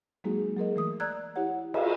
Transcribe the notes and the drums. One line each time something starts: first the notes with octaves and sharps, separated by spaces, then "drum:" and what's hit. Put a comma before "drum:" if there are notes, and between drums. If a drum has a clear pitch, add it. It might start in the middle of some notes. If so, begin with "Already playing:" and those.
F#3 G#3 A#3 D#4 F#4 G#4
F#3 G#4 A#4 D#5
E3 A3 D#6
D5 A#5 E6 F#6 G#6
E4 G4 C#5 F#5
G#4, drum: cymbal